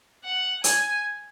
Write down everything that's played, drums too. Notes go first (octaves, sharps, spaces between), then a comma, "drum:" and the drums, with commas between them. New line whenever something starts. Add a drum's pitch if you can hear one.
F#5
G#5, drum: hi-hat